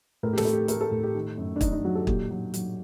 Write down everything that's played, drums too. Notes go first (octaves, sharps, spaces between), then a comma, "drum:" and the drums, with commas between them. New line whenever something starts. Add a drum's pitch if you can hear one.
A2 A#4
G4
A4, drum: snare
A3
G4
A3 A#4, drum: hi-hat
A4
A2 G4
G4
D#3
F#2
D4
D#3 D#4, drum: kick, hi-hat
D#4
F#3 F#4
A4
A#2 G4, drum: kick
F#3
F#3, drum: hi-hat